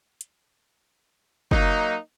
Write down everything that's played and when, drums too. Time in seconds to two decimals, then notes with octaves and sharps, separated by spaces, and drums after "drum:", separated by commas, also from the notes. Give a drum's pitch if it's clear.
0.21 drum: hi-hat
1.51 F#3 A#3 D#4, drum: kick F#1